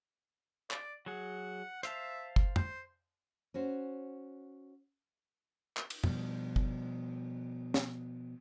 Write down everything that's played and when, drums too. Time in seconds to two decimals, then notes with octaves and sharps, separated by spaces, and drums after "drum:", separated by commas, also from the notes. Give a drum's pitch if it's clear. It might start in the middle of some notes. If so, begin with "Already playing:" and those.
0.71 D5, drum: clap
1.06 F#3 G#4 F#5
1.83 C5 E5 F5 A5, drum: hi-hat
2.36 drum: kick
2.56 C5, drum: tom
3.54 C#4 F#4 C5
5.77 drum: clap
5.90 drum: cymbal
6.04 B2 F3 G3, drum: tom
6.56 drum: kick
7.74 drum: snare